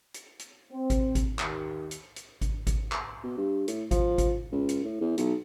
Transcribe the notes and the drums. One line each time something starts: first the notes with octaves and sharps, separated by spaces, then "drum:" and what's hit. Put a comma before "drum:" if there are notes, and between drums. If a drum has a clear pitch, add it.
drum: hi-hat
drum: hi-hat
C4
drum: kick G#1, hi-hat
drum: kick G#1, hi-hat
D#2, drum: clap
drum: hi-hat
drum: hi-hat
drum: kick G#1, hi-hat
drum: kick G#1, hi-hat
drum: clap
B2
G2
A2, drum: hi-hat
F3, drum: kick G#1, hi-hat
drum: kick G#1, hi-hat
C#2
drum: hi-hat
A2
E2
B1, drum: hi-hat